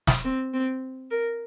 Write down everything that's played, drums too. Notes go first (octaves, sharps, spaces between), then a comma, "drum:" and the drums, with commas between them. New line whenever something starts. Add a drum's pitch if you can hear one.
drum: snare
C4
C4
A#4